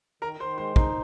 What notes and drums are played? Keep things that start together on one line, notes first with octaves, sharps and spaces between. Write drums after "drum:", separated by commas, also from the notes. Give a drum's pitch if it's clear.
D#3 A#4 A#5
D#3 C5 C6
G#3 C5 C6
D#4 C5 C6, drum: kick